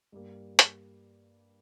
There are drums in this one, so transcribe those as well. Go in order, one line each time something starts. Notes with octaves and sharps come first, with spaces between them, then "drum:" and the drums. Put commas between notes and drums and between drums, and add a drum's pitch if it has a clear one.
G2 G3 A#3
drum: hi-hat